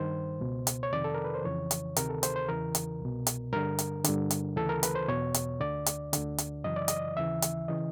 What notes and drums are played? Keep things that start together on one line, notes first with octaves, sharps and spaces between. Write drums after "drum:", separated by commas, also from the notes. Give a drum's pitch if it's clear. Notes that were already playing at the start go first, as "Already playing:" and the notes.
Already playing: G2 D#3 C5
C#2 B2
drum: hi-hat
C#5
F2 C3 D#3 D5
A4
A#4
B4
C5
F2 C#3 E3 C#5
drum: hi-hat
D2 C3 D#3 A#4, drum: hi-hat
A4
C5, drum: hi-hat
C5
E2 C#3 E3 A#4
drum: hi-hat
C2 B2
drum: hi-hat
G2 D3 A#4
drum: hi-hat
G2 D3, drum: hi-hat
drum: hi-hat
D2 C#3 E3 A4
A#4
B4, drum: hi-hat
C5
E2 B2 C#5
drum: hi-hat
D2 D3 D5
drum: hi-hat
D2 D3, drum: hi-hat
drum: hi-hat
F#2 C#3 E3 D#5
D5
D#5, drum: hi-hat
D#2 C#3 E3 E5
drum: hi-hat
C#3 E3 D#5